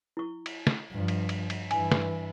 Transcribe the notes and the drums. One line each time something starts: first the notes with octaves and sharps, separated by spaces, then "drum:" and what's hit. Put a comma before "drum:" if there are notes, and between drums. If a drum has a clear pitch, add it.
E4 C#6
drum: cymbal
drum: snare
G2 F3
drum: cymbal
drum: cymbal
drum: cymbal
G2 E3 G#5, drum: cymbal
drum: snare